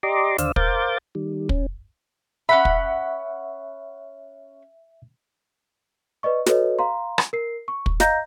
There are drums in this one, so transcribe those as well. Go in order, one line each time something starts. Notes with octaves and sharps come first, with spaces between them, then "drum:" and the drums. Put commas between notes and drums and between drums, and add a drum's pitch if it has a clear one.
G4 D5 D#5 A#5 C6 D6
D#2 D3 C5 D5 F5 E6, drum: hi-hat
A#4 C5 F5 D6 G6 A6, drum: kick
D#3 G3
C#4, drum: kick
C#4 E5 F#5 B5
drum: kick
B4 D5 D#5 C#6
F#4 A4 B4 C#5 D#5, drum: snare
F5 A#5 C6
drum: rim click
A#4 C7
C#6
drum: kick
D#5 F5 A#5 G6 A#6, drum: snare